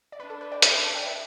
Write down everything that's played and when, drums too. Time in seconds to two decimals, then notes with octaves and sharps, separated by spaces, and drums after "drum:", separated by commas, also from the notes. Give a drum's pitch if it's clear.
0.12 D5
0.20 D4 B4
0.30 A4
0.41 B4
0.52 D5 G5
0.62 D5 G5, drum: hi-hat
0.74 E5 A5
0.84 E5 A5
0.95 D5 G5
1.06 B4 E5